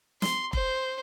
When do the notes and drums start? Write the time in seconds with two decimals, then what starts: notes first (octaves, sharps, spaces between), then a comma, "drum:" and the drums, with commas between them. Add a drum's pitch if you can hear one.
0.22 C6, drum: snare
0.53 C5, drum: kick F1